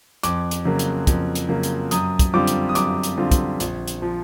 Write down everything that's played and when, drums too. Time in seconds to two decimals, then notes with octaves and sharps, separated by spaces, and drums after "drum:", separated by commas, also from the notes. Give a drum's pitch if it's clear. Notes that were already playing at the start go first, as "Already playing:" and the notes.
0.23 F2 D6, drum: hi-hat
0.51 drum: hi-hat
0.65 C#3 F#3 A#3
0.79 drum: hi-hat
1.07 F2, drum: kick, hi-hat
1.35 drum: hi-hat
1.49 C#3 F#3 A#3
1.63 drum: hi-hat
1.91 F#2 D#6, drum: hi-hat
2.19 drum: kick, hi-hat
2.34 D3 G3 C4 F4 D6
2.47 drum: hi-hat
2.69 D#6
2.75 F#2 D6, drum: hi-hat
3.03 drum: hi-hat
3.17 D3 G3 C4 F4
3.32 drum: kick, hi-hat
3.60 A#1, drum: hi-hat
3.88 drum: hi-hat
4.02 F3